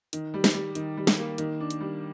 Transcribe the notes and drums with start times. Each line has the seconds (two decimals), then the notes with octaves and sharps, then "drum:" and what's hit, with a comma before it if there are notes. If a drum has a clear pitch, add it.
0.13 D#3, drum: hi-hat
0.34 G3
0.44 drum: snare
0.54 G3
0.75 D#3, drum: hi-hat
0.97 G3
1.07 drum: snare
1.17 A#3
1.38 D#3, drum: hi-hat
1.60 D4
1.70 drum: hi-hat
1.80 G3